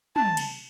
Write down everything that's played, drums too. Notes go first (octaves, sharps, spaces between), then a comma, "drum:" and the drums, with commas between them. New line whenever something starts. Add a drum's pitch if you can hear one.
A5, drum: tom
drum: cymbal